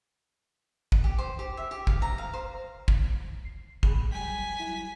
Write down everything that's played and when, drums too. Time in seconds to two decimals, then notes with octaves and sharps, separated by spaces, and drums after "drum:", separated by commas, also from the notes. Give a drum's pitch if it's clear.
0.92 drum: kick
1.04 G4
1.18 C5
1.39 G4
1.57 E5
1.71 G4
1.87 F5, drum: kick
2.02 A#5
2.18 F5
2.34 C5
2.88 drum: kick
3.45 C7
3.83 A2 G#4 B5, drum: kick
4.12 F#3 G3 G5 G#5 B6
4.60 F#3 E4